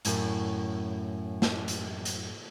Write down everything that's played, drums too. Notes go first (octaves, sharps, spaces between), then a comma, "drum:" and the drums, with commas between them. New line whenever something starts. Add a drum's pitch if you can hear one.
F#2 A2, drum: hi-hat
drum: snare
drum: hi-hat
drum: hi-hat